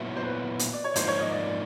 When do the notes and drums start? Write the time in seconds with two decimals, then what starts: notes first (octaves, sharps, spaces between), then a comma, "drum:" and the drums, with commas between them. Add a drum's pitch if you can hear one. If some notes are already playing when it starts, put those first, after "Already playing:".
Already playing: A#2 F#3 B3 E4
0.17 C5
0.23 B4
0.59 drum: hi-hat
0.73 D5
0.84 C#5
0.96 G#2 F3 A#3 D#4 C5, drum: hi-hat
1.08 C#5
1.20 D#5
1.32 D5